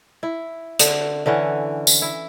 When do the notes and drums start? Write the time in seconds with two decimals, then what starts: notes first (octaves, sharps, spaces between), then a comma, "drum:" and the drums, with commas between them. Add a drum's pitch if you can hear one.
0.23 E4
0.79 D3, drum: hi-hat
1.26 D3 E3 C#4 F#5
1.87 drum: tambourine
2.02 E4